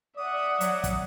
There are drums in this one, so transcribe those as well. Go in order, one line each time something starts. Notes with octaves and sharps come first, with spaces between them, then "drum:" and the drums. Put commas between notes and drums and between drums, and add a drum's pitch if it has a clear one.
D5 E5 F#5 D#6
F#3, drum: hi-hat
drum: kick, hi-hat